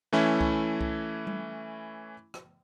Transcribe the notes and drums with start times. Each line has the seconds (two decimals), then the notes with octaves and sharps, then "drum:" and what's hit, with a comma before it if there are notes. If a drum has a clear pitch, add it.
0.13 E3 A3 C#4 E4
0.41 drum: kick C2
0.81 drum: kick C2
1.27 drum: tom G3
2.34 drum: rim click